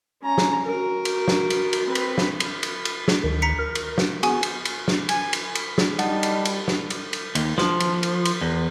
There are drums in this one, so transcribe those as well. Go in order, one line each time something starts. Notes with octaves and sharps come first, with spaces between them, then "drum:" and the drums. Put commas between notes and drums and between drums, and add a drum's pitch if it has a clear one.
C#4 A#5
drum: snare
F#4 A#4
drum: cymbal
drum: snare
drum: cymbal
drum: cymbal
C4 B4
drum: cymbal
drum: snare
drum: cymbal
drum: cymbal
drum: cymbal
drum: snare
D2 D#3
A#5 B6 C#7
A#4
drum: cymbal
drum: snare
B3 F#4 G#4 G#5, drum: cymbal
drum: cymbal
drum: cymbal
drum: snare
G#5, drum: cymbal
drum: cymbal
drum: cymbal
drum: snare
G3 D#4 F#5 A5, drum: cymbal
drum: cymbal
drum: cymbal
drum: snare
drum: cymbal
drum: cymbal
D#2, drum: cymbal
F3, drum: snare
drum: cymbal
drum: cymbal
drum: cymbal
E2